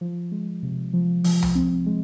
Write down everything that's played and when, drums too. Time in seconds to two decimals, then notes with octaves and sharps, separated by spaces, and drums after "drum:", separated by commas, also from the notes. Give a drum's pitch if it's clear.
0.01 F3
0.32 G#3
0.63 C3
0.93 F3
1.24 F3, drum: open hi-hat
1.43 drum: tom C2
1.55 C4
1.86 G#3